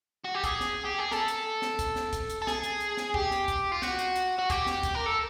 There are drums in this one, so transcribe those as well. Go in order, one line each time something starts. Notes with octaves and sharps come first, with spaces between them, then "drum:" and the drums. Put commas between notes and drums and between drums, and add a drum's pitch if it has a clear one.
F#4
G4
G#4, drum: kick C2, hi-hat
drum: snare
G4
G#4
A4, drum: snare
drum: hi-hat
drum: snare
drum: kick C2, hi-hat
drum: snare
drum: kick C2, hi-hat
drum: hi-hat
A4
G#4, drum: snare
drum: hi-hat
drum: hi-hat
drum: snare
G4, drum: kick C2
drum: snare
drum: kick C2, hi-hat
F4
F#4, drum: snare
drum: hi-hat
drum: hi-hat
F#4
G4, drum: kick C2, hi-hat
drum: snare
drum: kick C2, hi-hat
A#4
A4